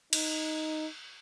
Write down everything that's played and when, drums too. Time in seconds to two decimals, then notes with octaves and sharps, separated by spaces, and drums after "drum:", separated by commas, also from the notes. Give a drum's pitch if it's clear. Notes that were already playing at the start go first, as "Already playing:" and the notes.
0.13 D#4, drum: cymbal